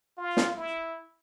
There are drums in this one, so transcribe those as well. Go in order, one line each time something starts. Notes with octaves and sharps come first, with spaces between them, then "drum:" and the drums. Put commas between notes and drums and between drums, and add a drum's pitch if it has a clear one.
F4
drum: snare
E4